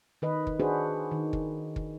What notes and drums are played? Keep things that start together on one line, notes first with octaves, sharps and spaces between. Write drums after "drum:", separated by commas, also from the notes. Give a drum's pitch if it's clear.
D#3 B4 D#5
drum: kick
D4 F#4 G#4 B4 C5
D#3
drum: kick
drum: kick